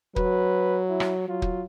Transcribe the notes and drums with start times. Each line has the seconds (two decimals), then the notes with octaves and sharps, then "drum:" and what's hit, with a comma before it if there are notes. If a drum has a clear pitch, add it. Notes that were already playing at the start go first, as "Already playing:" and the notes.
0.16 F#3 B4, drum: kick
0.89 E4
1.00 drum: rim click
1.28 F#3 F4
1.42 drum: kick